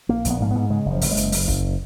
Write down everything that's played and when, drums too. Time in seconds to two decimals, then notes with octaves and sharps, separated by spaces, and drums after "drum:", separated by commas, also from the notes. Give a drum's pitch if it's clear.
0.09 A#1 A#3
0.25 A#1 B3, drum: hi-hat
0.40 G#2 A#3
0.51 G#2 B3
0.70 C#3 G#3
0.86 F#1
0.91 F3
1.01 F#1, drum: open hi-hat
1.11 G#3
1.17 F#1, drum: hi-hat
1.32 F#1, drum: open hi-hat
1.47 F#1, drum: kick